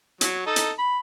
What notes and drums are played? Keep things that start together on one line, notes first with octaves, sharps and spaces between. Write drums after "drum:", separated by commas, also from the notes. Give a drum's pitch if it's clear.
F#3, drum: hi-hat
D#4 A4
drum: hi-hat
B5